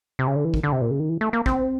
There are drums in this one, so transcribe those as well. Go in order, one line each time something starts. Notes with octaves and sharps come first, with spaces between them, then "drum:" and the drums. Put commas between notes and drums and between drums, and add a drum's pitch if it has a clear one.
C3
C#3
D3
E3
D#3, drum: kick
D3
C3
A#2
C#3
D#3
E3
A3
A#3
C4, drum: kick